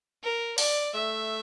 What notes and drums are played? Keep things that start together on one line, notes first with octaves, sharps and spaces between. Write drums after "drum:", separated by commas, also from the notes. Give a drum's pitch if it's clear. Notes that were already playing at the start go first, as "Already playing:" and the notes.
A#4
D5, drum: open hi-hat
A3 E5